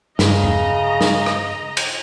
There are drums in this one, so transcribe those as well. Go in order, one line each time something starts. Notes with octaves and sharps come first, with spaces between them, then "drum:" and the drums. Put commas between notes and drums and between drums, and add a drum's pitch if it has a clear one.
G2 C#3 D#5 A#5, drum: snare
drum: tom E2
drum: snare
drum: rim click
drum: cymbal